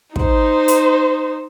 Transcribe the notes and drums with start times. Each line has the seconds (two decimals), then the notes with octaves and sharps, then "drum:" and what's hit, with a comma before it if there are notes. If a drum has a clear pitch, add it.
0.16 D#4 C5, drum: kick
0.68 drum: hi-hat